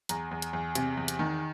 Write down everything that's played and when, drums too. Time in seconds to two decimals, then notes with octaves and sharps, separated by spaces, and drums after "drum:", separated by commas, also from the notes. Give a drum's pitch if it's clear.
0.09 E2 A#5, drum: hi-hat
0.31 E2
0.42 drum: hi-hat
0.53 E2
0.75 C3, drum: hi-hat
0.97 E2
1.08 drum: hi-hat
1.19 D#3